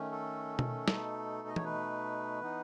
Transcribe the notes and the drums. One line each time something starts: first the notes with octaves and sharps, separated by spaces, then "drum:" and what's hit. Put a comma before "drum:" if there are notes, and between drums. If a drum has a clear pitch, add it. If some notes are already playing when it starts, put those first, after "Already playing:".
Already playing: D#3 A3 C#4
A4
drum: tom B2
B2 A3 D#4, drum: snare
D#5
C#5, drum: tom
B4
E3 B3 D#4